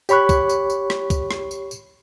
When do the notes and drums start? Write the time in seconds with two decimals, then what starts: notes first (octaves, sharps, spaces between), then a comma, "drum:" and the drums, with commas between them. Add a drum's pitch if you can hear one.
0.09 G4 C#5 B5 C#6 F#6, drum: tambourine
0.29 drum: kick, tambourine
0.49 drum: tambourine
0.70 drum: tambourine
0.90 drum: rim click
1.10 drum: kick, tambourine
1.31 drum: rim click
1.51 drum: tambourine
1.71 drum: tambourine